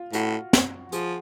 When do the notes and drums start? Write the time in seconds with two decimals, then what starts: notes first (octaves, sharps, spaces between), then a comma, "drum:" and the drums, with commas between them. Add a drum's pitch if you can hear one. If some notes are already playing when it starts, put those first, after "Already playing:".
Already playing: F4
0.13 A2 F#4, drum: hi-hat
0.53 drum: snare
0.92 F3 G#4, drum: hi-hat